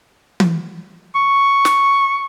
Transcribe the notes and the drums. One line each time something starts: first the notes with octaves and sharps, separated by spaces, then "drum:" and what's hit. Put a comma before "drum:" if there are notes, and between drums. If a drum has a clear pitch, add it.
drum: tom E3
C#6
drum: snare